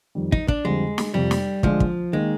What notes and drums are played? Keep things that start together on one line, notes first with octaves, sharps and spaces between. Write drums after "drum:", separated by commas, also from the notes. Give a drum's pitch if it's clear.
F2 D#3 G3
D#4, drum: kick
D4, drum: kick
F2 D3 G3 G#3 C4
drum: snare
F2 C3 F3 G3
drum: snare
D3 F3 G#3 D4 F4, drum: kick
drum: kick
D#3 G#3 A#3 D#4